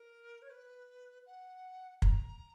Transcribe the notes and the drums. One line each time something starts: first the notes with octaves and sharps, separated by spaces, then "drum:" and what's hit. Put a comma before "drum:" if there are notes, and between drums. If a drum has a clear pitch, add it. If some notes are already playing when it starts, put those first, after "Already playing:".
Already playing: A#4
C#5
B4
F#5
A#5, drum: kick